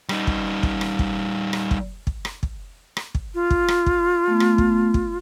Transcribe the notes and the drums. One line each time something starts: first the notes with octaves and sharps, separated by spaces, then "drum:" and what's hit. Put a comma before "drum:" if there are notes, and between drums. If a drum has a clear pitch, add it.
G3 D#4, drum: rim click
drum: kick
drum: kick
drum: rim click
drum: kick
drum: rim click
drum: kick
drum: kick
drum: rim click
drum: kick
drum: rim click
drum: kick
F4
drum: kick
drum: rim click
drum: kick
A3 B3
drum: rim click
drum: kick
drum: kick